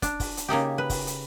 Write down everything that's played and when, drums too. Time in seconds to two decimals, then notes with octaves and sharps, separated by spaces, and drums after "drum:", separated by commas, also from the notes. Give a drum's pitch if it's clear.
0.02 D4, drum: kick, hi-hat
0.20 drum: kick, open hi-hat
0.37 drum: hi-hat
0.48 C#3 A#3 D#4 G4
0.78 B4
0.90 drum: kick, open hi-hat
1.07 drum: hi-hat